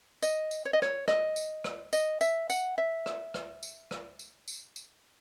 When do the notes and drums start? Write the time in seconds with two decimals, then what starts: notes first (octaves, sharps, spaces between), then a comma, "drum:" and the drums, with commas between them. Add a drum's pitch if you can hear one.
0.22 D#5, drum: tambourine
0.51 drum: tambourine
0.65 C#5
0.73 D#5
0.82 C#5, drum: rim click
1.08 D#5, drum: rim click
1.36 drum: tambourine
1.64 drum: rim click
1.93 D#5, drum: tambourine
2.21 E5, drum: tambourine
2.50 F#5, drum: tambourine
2.78 E5
3.06 drum: rim click
3.34 drum: rim click
3.63 drum: tambourine
3.91 drum: rim click
4.19 drum: tambourine
4.48 drum: tambourine
4.76 drum: tambourine